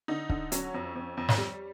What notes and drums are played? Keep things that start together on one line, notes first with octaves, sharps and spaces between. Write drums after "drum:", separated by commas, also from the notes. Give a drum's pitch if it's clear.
D3 D#4
D3, drum: kick
F#3 C#4, drum: hi-hat
F2
F2
F2
drum: snare
G3